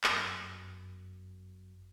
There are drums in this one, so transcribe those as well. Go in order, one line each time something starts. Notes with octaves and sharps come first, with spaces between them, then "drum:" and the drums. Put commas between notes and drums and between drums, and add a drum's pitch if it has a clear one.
G1 F#2, drum: clap